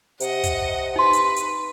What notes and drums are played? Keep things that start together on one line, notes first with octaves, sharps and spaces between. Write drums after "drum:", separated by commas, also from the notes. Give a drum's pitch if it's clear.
C3 D#5 F#5, drum: hi-hat
drum: kick, hi-hat
D#4 B4 C6
drum: hi-hat
drum: hi-hat